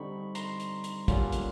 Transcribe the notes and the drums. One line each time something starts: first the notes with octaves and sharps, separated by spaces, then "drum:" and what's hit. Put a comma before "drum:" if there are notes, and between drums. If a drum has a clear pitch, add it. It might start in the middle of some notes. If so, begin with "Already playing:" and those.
Already playing: D3 G3 C4 D#4 B5 C#6
A#5 C6, drum: hi-hat
drum: hi-hat
drum: hi-hat
D3 G3 A#3 C#4 F4, drum: kick, hi-hat
drum: hi-hat